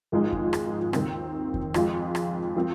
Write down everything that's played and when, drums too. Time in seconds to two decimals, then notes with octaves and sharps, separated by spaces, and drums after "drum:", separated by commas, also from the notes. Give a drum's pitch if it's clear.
0.12 G#1 G#2 F3 G#3 D#4
0.33 drum: kick F2
0.53 drum: rim click
0.93 D#2 D#3 C4, drum: rim click
1.54 drum: kick F2
1.74 F2 F3 G#3 F4, drum: rim click
2.15 drum: rim click
2.56 F3 C4